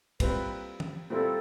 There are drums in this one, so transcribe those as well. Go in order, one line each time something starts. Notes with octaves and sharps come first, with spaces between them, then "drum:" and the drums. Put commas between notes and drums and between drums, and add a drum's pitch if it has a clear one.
A#2 G3 C4 E4 B4, drum: kick, cymbal
drum: tom
A#2 G3 C4 E4 A4